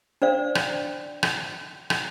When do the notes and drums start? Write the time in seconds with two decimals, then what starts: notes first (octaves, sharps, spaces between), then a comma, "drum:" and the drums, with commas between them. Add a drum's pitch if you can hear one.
0.22 D4 C5 D5 F5
0.55 drum: rim click
1.23 drum: rim click
1.90 drum: rim click